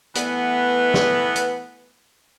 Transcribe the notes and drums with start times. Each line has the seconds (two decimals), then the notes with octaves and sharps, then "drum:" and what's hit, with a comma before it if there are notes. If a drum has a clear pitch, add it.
0.15 E3 A3 B3, drum: hi-hat
0.94 drum: snare
1.36 drum: hi-hat